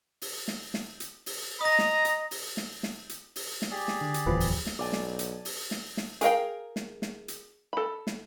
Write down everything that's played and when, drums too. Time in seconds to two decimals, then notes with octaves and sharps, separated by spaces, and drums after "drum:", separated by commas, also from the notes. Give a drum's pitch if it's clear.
0.22 drum: open hi-hat
0.48 drum: snare
0.74 drum: snare
1.00 drum: hi-hat
1.26 drum: open hi-hat
1.61 D#5 A#5 D#6 A#6
1.79 drum: snare
2.05 drum: hi-hat
2.31 drum: open hi-hat
2.57 drum: snare
2.83 drum: snare
3.09 drum: hi-hat
3.36 drum: open hi-hat
3.62 drum: snare
3.71 G4 G#4 D5
3.88 drum: snare
4.01 D3
4.14 drum: hi-hat
4.27 D1 E2 F3 B4
4.40 drum: open hi-hat
4.66 drum: snare
4.79 B1 D5 G#5 A5
4.93 drum: snare
5.19 drum: hi-hat
5.45 drum: open hi-hat
5.71 drum: snare
5.97 drum: snare
6.21 G#4 A#4 F5 G5, drum: hi-hat
6.76 drum: snare
7.02 drum: snare
7.28 drum: hi-hat
7.73 A4 B5
8.07 drum: snare